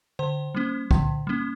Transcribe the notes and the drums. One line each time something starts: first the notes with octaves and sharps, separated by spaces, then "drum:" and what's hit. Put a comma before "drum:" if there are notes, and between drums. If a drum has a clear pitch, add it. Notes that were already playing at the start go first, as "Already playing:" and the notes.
D3 C5
G3 A#3 C#4
D3, drum: kick C2
G3 A#3 C#4